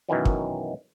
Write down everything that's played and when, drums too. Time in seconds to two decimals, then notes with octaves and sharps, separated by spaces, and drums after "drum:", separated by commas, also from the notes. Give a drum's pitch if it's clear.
0.09 F#2 B2 D#3 E3 F#3
0.25 drum: kick